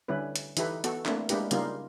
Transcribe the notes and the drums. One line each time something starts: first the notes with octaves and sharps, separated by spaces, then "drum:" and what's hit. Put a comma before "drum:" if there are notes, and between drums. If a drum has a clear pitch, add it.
D3 G3 C#4 E4 B4
drum: hi-hat
E3 D#4 E4 G4 A4 B4, drum: hi-hat
B3 F#4 A4, drum: hi-hat
A3 A#3 C4 D4 E4, drum: clap
G#3 A#3 D4 E4 G4 B4, drum: hi-hat
C#3 G3 A#3 D4 D#4 F4, drum: hi-hat